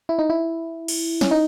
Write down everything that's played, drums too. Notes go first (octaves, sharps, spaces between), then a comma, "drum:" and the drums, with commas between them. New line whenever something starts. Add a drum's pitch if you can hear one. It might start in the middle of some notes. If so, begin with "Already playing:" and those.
E4
D#4
E4
drum: cymbal
C#4, drum: snare
D#4